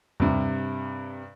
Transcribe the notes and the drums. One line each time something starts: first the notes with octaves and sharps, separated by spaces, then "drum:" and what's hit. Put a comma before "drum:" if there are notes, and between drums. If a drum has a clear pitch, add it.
G2 C3, drum: tom D#2